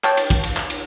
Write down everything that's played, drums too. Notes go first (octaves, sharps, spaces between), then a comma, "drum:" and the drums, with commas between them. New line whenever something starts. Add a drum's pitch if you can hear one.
C#5 G5 A5, drum: clap
drum: cymbal
drum: kick, cymbal
drum: cymbal
drum: clap
drum: cymbal